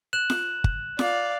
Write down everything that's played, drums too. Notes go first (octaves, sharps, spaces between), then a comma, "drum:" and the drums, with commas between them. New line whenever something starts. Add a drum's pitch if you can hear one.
F#6 E7 F#7
drum: snare F4
drum: kick G1
D5 F5, drum: snare F4